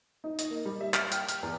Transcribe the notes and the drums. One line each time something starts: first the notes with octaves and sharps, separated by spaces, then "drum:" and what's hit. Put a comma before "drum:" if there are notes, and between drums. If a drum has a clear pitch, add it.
D#4
D#5, drum: hi-hat
A#3
G3
E5
F6, drum: clap
G5, drum: hi-hat
F6, drum: hi-hat
E2